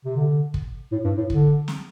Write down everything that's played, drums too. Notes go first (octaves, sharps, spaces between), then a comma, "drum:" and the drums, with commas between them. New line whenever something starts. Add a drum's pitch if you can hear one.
C3
D3
drum: kick
A2
G2
A2
D3, drum: kick
drum: snare